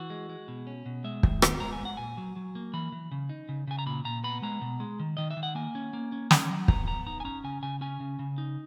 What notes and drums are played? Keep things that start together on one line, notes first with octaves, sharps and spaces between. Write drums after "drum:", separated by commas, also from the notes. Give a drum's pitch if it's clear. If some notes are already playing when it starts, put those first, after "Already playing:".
Already playing: E3 F#4
G#3
G#3
B2
C#4
B2
G#3 E5
D#3, drum: kick
B3, drum: rim click
G#3 A#5
G#5
G#3
F#5
A#2 G#5
F#3
F#3
A#3
E3 B5
E3
C#3
D#4
C#3
C#3 G#5
A#5
A#2 B5
A#2 A#5
B3 B5
G#3 A#5
B2
G#3
D#3
D#3 D#5
E5
D#3
F#5
A#3 G#5
C#4
A#3
C#4
C#4, drum: snare
F#3
B3 A#5, drum: kick
B3 A#5
D#4 A#5
G#5
C#4 A#5
C#3 G#5
C#3 G#5
C#4 G#5
C#3
C#3
D#4